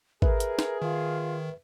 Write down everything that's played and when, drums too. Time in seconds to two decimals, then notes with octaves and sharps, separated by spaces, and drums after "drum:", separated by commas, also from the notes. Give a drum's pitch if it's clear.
0.22 G#4 A#4 B4 E5, drum: kick G#1
0.40 drum: hi-hat
0.59 drum: snare
0.82 D#3 F4